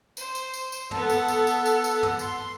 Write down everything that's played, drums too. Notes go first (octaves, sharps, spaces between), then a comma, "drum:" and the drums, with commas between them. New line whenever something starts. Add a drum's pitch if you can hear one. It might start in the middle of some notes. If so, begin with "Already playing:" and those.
C5, drum: tambourine
drum: tambourine
drum: tambourine
drum: tambourine
B3 A4 F#5, drum: tom
drum: tambourine
drum: tambourine
drum: tambourine
drum: tambourine
drum: tambourine
drum: tom
C6, drum: tambourine